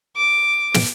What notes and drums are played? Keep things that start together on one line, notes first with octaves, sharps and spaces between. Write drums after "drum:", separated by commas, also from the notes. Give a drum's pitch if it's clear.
D6
drum: snare